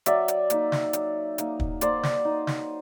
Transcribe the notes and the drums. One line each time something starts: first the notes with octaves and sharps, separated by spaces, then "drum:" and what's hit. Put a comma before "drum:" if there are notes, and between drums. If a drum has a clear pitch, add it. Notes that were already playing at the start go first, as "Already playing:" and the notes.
F#3 D5 E5, drum: hi-hat
drum: hi-hat
A#3 D#4, drum: hi-hat
drum: snare
F#3, drum: hi-hat
A#3 D#4, drum: hi-hat
drum: kick
A#3 C5 D5, drum: hi-hat
drum: snare
D#4
drum: snare